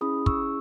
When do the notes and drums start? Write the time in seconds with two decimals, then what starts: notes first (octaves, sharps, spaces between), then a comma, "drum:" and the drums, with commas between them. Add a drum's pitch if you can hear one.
0.01 C#4 E4 G#4 B5 D#6
0.26 C#6 E6, drum: kick